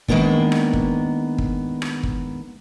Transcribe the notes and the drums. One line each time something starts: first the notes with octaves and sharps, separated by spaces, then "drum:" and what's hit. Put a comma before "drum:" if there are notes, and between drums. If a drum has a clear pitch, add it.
D#3 G#3 A#3 B3 D4, drum: kick
drum: rim click
drum: kick
drum: kick
drum: rim click
drum: kick